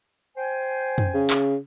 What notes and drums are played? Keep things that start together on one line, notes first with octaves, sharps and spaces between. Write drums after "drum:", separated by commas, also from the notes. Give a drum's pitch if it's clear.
C5 G5 G#5
drum: tom
C#3
drum: clap